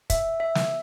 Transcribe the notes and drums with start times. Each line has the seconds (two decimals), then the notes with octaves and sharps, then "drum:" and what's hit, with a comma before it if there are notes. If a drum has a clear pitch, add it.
0.10 E5, drum: kick, hi-hat
0.40 E5
0.55 drum: snare